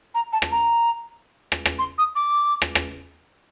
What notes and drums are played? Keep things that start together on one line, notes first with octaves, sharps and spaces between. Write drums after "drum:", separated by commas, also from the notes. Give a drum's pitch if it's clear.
A#5
A5
drum: rim click
A#5
drum: rim click
drum: rim click
C6
D#6
D6
drum: rim click
drum: rim click